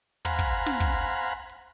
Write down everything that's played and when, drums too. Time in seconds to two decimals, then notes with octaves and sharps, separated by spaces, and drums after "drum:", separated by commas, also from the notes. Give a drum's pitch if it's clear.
0.25 C5 F5 F#5 G#5 A#5 B5, drum: tom
0.39 drum: kick, hi-hat
0.66 drum: snare
0.80 drum: kick
1.22 drum: hi-hat
1.50 drum: hi-hat